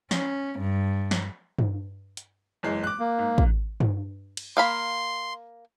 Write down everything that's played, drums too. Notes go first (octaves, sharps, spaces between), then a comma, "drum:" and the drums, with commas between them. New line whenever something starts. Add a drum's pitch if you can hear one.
C#4, drum: snare
G2
drum: snare
drum: tom G2
drum: hi-hat
F#1 E3 G#3
D6 F#6
A#3
G#2
drum: kick
drum: tom G2
drum: cymbal
A#3 F5 B5 C6